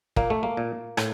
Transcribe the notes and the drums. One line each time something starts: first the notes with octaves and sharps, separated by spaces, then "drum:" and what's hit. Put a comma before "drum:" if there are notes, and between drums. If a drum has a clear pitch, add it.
A#2 A#3, drum: kick
A3
A#3
A#2
A2, drum: rim click